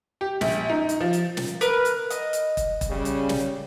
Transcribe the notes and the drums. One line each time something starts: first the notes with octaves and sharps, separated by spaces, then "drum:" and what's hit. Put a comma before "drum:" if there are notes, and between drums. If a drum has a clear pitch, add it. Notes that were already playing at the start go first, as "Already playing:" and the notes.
G4
A#1, drum: snare
D#4
drum: hi-hat
F3
drum: hi-hat
drum: snare
A#4 B4 F#6, drum: hi-hat
drum: hi-hat
D#5, drum: hi-hat
drum: hi-hat
drum: kick E1, hi-hat
drum: kick E1, hi-hat
C#3 G3
drum: hi-hat
drum: snare